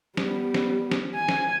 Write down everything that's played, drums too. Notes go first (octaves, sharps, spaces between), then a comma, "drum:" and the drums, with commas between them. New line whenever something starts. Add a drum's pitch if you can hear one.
G3 B3, drum: snare
drum: snare
drum: snare
G#5
drum: snare